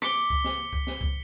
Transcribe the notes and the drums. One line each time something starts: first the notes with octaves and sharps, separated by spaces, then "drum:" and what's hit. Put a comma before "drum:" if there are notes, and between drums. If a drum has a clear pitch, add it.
D6 B6 C#7 G7, drum: snare
drum: kick C#2
drum: snare
drum: kick C#2
drum: snare
drum: kick C#2